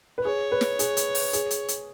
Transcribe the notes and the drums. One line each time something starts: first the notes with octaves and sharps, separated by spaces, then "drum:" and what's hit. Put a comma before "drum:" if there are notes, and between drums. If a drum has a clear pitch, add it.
B4
G#4 C#5
B4
drum: snare
G#4, drum: hi-hat
drum: hi-hat
drum: open hi-hat
G#4, drum: hi-hat
drum: hi-hat
drum: hi-hat